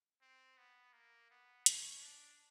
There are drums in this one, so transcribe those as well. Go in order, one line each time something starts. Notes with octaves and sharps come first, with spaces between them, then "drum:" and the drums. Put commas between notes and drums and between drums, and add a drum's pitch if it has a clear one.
C4
B3
A#3
B3
C#4, drum: hi-hat
D4